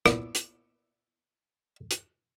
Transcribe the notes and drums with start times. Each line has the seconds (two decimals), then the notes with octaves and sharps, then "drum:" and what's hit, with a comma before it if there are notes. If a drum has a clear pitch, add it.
0.06 A#2 B3 E4, drum: rim click
0.35 drum: hi-hat
1.91 drum: hi-hat